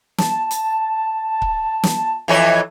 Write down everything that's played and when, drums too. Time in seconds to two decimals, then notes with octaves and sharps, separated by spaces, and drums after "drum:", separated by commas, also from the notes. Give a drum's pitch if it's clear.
0.18 A5, drum: snare
0.51 drum: hi-hat
1.42 drum: kick C#1
1.83 drum: snare
2.28 F2 E3 C#5 E5